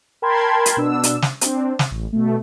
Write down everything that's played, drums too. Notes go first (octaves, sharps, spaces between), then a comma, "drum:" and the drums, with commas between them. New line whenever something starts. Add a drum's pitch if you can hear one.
A#4 G5 A5 B5 C6 G#6
drum: hi-hat
B2 B3 D4 E6
drum: hi-hat
drum: snare
C4 D4, drum: hi-hat
drum: snare
A1
B2 A3